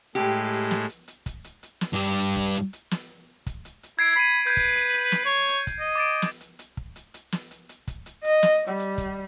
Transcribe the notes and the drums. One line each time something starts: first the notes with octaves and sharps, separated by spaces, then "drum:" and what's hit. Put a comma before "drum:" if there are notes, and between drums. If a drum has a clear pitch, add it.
A2 G#3 A3 G4
drum: hi-hat
drum: snare
drum: hi-hat
drum: hi-hat
drum: kick, hi-hat
drum: hi-hat
drum: hi-hat
drum: snare
G2 G4
drum: hi-hat
drum: kick, hi-hat
drum: hi-hat
drum: hi-hat
drum: snare
drum: kick, hi-hat
drum: hi-hat
drum: hi-hat
E4 G#6 C7 D7
B5 C7 D#7
B4 G6 G#6
drum: kick, hi-hat
drum: hi-hat
drum: hi-hat
drum: snare
C#5
drum: hi-hat
drum: kick, hi-hat
D#5
D6 A6 D7
drum: snare
drum: hi-hat
drum: hi-hat
drum: kick
drum: hi-hat
drum: hi-hat
drum: snare
drum: hi-hat
drum: hi-hat
drum: kick, hi-hat
drum: hi-hat
D#5, drum: hi-hat
drum: snare
G3
drum: hi-hat
drum: kick, hi-hat